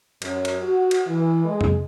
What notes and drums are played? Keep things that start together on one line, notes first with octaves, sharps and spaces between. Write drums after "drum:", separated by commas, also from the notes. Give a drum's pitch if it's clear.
F#2, drum: cymbal
drum: cymbal
F#4
drum: cymbal
E3
G#3
drum: tom F2